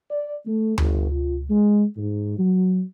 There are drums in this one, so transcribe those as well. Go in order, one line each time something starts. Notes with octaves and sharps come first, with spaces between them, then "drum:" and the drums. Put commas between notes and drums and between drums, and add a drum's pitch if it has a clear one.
D5
A3
G1, drum: tom D2
F4
G#3
G#2
F#3